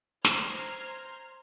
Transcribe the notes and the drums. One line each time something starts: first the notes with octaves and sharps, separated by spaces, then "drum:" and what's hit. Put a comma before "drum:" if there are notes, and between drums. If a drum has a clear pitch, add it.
C5 A#5 C6 F6 G#6, drum: snare